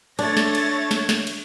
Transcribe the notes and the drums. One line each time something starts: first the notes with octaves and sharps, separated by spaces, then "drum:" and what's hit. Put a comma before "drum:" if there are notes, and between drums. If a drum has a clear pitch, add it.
A3 D4 C#5 A6 A#6, drum: cymbal
drum: snare
drum: cymbal
drum: snare
drum: snare
drum: cymbal